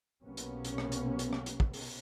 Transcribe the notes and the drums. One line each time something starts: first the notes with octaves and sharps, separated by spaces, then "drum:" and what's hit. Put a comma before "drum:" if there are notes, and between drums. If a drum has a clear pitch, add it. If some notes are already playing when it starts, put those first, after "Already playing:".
B1 C3 A#3 B3 C#4
drum: hi-hat
drum: hi-hat
drum: rim click
drum: hi-hat
drum: hi-hat
drum: rim click
drum: hi-hat
drum: kick
drum: open hi-hat